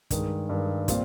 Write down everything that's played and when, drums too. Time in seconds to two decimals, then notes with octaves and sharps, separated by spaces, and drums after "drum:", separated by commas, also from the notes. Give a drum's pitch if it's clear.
0.11 G2 D#3 G#3, drum: kick, hi-hat
0.49 G2 D#3 G#3
0.88 A#2 G3 C4 F4, drum: kick, hi-hat